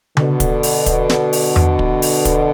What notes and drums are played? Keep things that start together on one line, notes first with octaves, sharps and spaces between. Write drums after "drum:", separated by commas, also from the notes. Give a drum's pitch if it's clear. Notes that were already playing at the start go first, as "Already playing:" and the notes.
B2 D3, drum: tom C#3
drum: kick, hi-hat
drum: open hi-hat
drum: kick, hi-hat
drum: snare
drum: open hi-hat
drum: tom E2
drum: kick
drum: open hi-hat
drum: kick, hi-hat